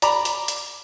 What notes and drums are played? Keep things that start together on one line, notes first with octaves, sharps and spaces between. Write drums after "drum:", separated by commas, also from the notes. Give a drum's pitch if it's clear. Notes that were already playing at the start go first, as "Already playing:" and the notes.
D5 A#5 B5 D6, drum: hi-hat
drum: hi-hat
drum: hi-hat